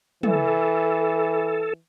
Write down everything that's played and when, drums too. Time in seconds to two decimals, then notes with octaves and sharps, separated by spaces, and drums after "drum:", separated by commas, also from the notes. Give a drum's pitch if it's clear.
0.23 E3 A4, drum: tom